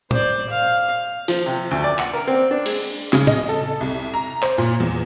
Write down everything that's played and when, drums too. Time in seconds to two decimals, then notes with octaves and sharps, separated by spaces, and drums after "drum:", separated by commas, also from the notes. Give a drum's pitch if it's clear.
0.11 C5 D5, drum: tom A2
0.50 F5
1.28 F3, drum: open hi-hat
1.46 C3
1.71 D2
1.84 D5
1.99 F#5, drum: clap
2.13 A#4
2.27 C4
2.51 D4
2.66 G#3, drum: cymbal
3.13 C#3, drum: clap
3.27 D#5, drum: tom A2
3.49 A4
3.81 C2
4.14 A#5
4.43 C5, drum: clap
4.58 A#2
4.80 E2